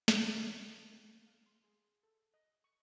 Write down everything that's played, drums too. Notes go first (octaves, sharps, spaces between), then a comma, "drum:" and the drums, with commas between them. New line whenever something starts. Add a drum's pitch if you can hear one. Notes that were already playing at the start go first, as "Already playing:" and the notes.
drum: snare
A#5
C6
G5
F5
C6
G#4
A4
D#5
C#6